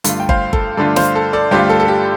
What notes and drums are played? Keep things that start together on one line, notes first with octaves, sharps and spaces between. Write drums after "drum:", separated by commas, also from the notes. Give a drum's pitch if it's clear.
G2 D3 A3 F4, drum: hi-hat
G5
C5 F5, drum: kick G1
A4, drum: kick G1
G2 D3 A3 F4 A4 D5
C5 F5, drum: snare
A4
A4 D5
G2 D3 A3 F4 G4 C5
A4
A4
G4